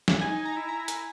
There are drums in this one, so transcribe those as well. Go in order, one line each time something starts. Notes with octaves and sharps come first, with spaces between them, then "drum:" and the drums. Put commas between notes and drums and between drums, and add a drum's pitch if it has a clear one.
drum: snare
D#4 G#5
A#5
E4
A#5
drum: hi-hat